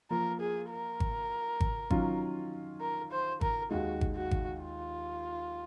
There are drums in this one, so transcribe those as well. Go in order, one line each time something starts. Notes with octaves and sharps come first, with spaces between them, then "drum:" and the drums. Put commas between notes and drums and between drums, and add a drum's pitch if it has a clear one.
F3 A#3 F4 A#4
G#4
A#4
drum: kick G#1
drum: kick G#1
D#3 F#3 C#4 F4, drum: kick G#1
A#4
C5
A#4, drum: kick G#1
D#2 D#3 G#3 F#4
drum: kick G#1
F#4
drum: kick G#1
F4